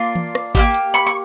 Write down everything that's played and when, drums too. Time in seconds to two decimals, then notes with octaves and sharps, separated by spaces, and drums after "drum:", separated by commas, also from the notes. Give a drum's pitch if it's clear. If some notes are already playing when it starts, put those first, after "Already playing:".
Already playing: A#3 D4 F4 C6
0.15 drum: tom E3
0.35 drum: rim click
0.55 A#3 D4 G4, drum: kick G#1
0.74 drum: hi-hat
0.94 B5 C#6
1.07 C#6